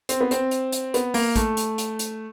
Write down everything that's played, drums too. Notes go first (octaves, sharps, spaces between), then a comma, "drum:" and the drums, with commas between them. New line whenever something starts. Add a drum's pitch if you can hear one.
C4, drum: hi-hat
B3
C4, drum: hi-hat
drum: hi-hat
drum: hi-hat
B3, drum: hi-hat
A#3, drum: open hi-hat
A3, drum: kick, hi-hat
drum: hi-hat
drum: hi-hat
drum: hi-hat